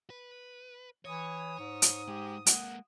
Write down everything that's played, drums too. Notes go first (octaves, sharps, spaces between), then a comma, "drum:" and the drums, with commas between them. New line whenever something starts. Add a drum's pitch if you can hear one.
B4
E3 C#5 D#6
G#2
drum: hi-hat
G#3 G4
G#3 A#3 F#5, drum: hi-hat